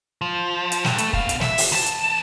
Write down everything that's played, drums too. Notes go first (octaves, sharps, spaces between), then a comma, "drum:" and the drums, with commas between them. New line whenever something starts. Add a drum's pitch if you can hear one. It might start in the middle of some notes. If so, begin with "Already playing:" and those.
F3
drum: hi-hat
G2, drum: snare
A3, drum: hi-hat
B2 F5, drum: kick
drum: hi-hat
E5, drum: snare
drum: open hi-hat
E2 A5
drum: hi-hat